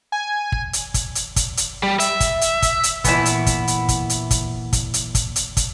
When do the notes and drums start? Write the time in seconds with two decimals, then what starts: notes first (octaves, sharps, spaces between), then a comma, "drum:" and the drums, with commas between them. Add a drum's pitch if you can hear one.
0.12 G#5
0.52 drum: kick
0.73 drum: hi-hat
0.94 drum: kick, hi-hat
1.15 drum: hi-hat
1.36 drum: kick, hi-hat
1.57 drum: hi-hat
1.83 G3
2.00 E5, drum: hi-hat
2.20 drum: kick, hi-hat
2.41 drum: hi-hat
2.62 drum: kick, hi-hat
2.83 drum: hi-hat
3.04 A#2 E3 B3 E4 G#5, drum: kick, hi-hat
3.25 drum: hi-hat
3.47 drum: kick, hi-hat
3.68 drum: hi-hat
3.89 drum: kick, hi-hat
4.10 drum: hi-hat
4.31 drum: kick, hi-hat
4.73 drum: kick, hi-hat
4.94 drum: hi-hat
5.15 drum: kick, hi-hat
5.36 drum: hi-hat
5.57 drum: kick, hi-hat